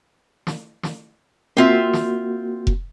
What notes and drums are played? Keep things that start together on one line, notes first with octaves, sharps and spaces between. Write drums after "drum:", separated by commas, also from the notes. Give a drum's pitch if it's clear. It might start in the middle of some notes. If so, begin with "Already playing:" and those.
drum: snare
drum: snare
A#3 C4 F4 F#4 E5
drum: snare
drum: kick F1